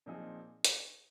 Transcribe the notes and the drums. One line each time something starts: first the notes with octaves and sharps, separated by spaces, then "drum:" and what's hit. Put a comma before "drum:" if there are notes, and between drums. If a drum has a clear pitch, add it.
A#2 F3 C4 D#4 G#4
drum: hi-hat